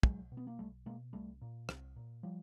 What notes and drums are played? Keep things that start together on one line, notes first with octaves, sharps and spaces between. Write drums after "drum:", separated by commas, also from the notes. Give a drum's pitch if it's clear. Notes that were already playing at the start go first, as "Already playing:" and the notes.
B1 F#3 G#3, drum: kick
B2
B3
A#3
B1 G3 A3
B2 G#3 A#3
C2 G3 A3
A#2
C2, drum: rim click
A#2
F3 G3